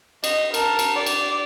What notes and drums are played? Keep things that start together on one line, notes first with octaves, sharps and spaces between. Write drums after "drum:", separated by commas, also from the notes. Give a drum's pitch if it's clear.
D#5, drum: cymbal
A#4 A5, drum: cymbal
drum: cymbal
D5
drum: cymbal